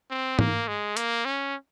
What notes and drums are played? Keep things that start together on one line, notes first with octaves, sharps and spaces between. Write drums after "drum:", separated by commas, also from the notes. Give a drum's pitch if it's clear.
C4
A#3, drum: tom
G#3
A#3, drum: hi-hat
C#4